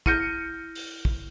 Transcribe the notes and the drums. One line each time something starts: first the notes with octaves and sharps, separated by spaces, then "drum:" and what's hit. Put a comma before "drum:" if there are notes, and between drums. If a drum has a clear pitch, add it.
E4 F6 G6 A#6 C#7 D#7, drum: kick
drum: open hi-hat
drum: kick